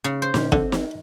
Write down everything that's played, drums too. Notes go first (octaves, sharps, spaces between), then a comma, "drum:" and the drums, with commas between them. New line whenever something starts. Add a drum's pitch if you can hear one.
C#3
C5
A#2 D3 C#4, drum: snare
D3 C4, drum: kick
drum: snare